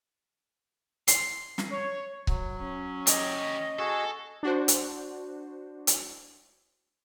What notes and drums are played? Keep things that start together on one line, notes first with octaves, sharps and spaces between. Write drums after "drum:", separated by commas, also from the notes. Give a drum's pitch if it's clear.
C6, drum: hi-hat
drum: snare
C#5
F#3, drum: kick C#1
C#4
G4 C#5 D#5, drum: hi-hat
F#4 G#4 A4
D4 F#4 C5
drum: hi-hat
drum: hi-hat